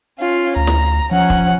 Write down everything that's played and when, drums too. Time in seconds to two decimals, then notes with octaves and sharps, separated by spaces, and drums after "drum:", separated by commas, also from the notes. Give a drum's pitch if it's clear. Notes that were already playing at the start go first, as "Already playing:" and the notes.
0.19 C#4 F4
0.56 D2 A#5
0.67 drum: snare
1.11 F3 C#4 F#5
1.30 drum: kick